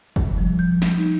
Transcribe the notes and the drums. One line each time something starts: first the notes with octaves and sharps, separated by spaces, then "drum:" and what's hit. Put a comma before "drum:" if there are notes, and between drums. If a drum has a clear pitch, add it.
G3, drum: kick
F3
G6
drum: snare
D#4